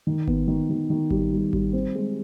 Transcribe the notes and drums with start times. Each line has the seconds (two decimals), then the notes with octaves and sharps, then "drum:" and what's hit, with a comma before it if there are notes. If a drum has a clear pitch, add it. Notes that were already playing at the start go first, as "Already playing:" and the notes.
0.07 D#3
0.28 B3, drum: kick G#1
0.48 D#3
0.70 D#3
0.90 D#3
1.10 G3, drum: kick G#1
1.32 G3
1.53 G3, drum: kick G#1
1.73 C4
1.95 G#3